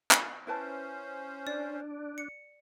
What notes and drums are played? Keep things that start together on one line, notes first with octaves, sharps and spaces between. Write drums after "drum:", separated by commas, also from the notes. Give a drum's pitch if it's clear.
drum: clap
C#4 E4 B4 C5 A5
D4 D5
C#7